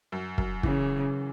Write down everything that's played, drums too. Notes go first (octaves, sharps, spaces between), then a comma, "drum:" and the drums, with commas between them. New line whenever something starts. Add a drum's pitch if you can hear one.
F#2
F#2, drum: kick
C#3 E3, drum: kick